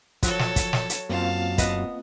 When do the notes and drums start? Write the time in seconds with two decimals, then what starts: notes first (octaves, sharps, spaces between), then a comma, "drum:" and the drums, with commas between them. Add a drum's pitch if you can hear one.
0.23 F3 F#3 A4 C#5, drum: kick, hi-hat
0.39 drum: snare
0.56 drum: kick, hi-hat
0.73 drum: snare
0.90 drum: hi-hat
1.09 F#2 A#3 C4 F4 F5 A5
1.58 B3 D#5, drum: kick, hi-hat